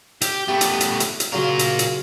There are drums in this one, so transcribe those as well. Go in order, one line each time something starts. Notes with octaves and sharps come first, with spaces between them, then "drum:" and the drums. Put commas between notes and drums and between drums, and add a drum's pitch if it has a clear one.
G4, drum: hi-hat
A3 B3 G4
drum: hi-hat
drum: hi-hat
drum: hi-hat
drum: hi-hat
C#3 F#3 F4 A#4
drum: hi-hat
drum: hi-hat